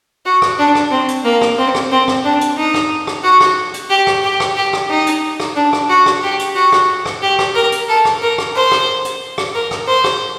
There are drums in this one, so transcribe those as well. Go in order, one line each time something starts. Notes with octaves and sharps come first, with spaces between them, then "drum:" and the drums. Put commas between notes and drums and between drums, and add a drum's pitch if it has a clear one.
F#4
drum: rim click
D4
drum: rim click
C4
drum: hi-hat
A#3
drum: rim click
C4
drum: rim click
C4
drum: rim click
D4
drum: hi-hat
D#4
drum: rim click
drum: rim click
F#4
drum: rim click
drum: hi-hat
G4
drum: rim click
G4
drum: rim click
G4
drum: rim click
D#4
drum: hi-hat
drum: rim click
D4
drum: rim click
F#4
drum: rim click
G4
drum: hi-hat
F#4
drum: rim click
drum: rim click
G4
drum: rim click
A#4
drum: hi-hat
A4
drum: rim click
A#4
drum: rim click
C5
drum: rim click
drum: hi-hat
drum: rim click
A#4
drum: rim click
C5
drum: rim click